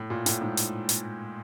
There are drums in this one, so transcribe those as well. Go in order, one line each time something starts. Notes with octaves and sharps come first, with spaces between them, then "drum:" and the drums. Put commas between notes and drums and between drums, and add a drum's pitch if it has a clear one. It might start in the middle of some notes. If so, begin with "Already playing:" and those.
Already playing: A2
A#2
A2, drum: hi-hat
G#2
drum: hi-hat
drum: hi-hat